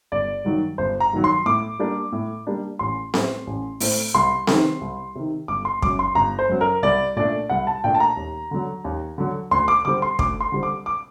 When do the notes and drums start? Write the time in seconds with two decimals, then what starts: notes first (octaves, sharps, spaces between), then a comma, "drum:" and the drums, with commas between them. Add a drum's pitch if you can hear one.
0.12 G1 D5
0.45 G2 D#3 F#3
0.78 G1 C5
1.00 A#5
1.13 G2 D#3 F#3
1.24 C6
1.46 A2 D6
1.79 G3 A#3 D4
2.12 A2
2.47 G3 A#3 D4
2.79 A1 C6
3.14 A2 A3 C4, drum: snare C4
3.47 A1
3.80 A2 A3 C4, drum: open hi-hat
4.14 C2 C6
4.47 C3 D#3, drum: snare C4
4.81 C2
5.15 C3 D#3
5.48 G1 D6
5.65 C6
5.82 F#2 F#3 D6, drum: kick
5.99 C6
6.15 G1 A#5
6.39 C5
6.49 F#2 F#3
6.61 A#4
6.82 C2 D5
7.16 A#2 A3 D4 D5
7.49 C2 F#5
7.67 A5
7.84 A#2 A3 D4 G5
7.95 A5
8.00 A#5
8.17 D#2
8.51 D3 F#3
8.84 D#2
9.18 D3 F#3
9.51 D2 C6
9.68 D6
9.85 D3 G3 C4 D6
10.02 C6
10.19 D2 D6, drum: kick
10.41 C6
10.52 D3 G3 C4
10.63 D6
10.86 D6